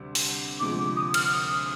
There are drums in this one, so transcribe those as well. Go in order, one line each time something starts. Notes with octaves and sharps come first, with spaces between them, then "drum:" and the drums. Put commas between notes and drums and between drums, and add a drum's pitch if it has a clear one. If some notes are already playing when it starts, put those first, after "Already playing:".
Already playing: D2 C3 G3
drum: open hi-hat
D2 C3 F3 G#3 D6
D#6
F6, drum: cymbal
D#6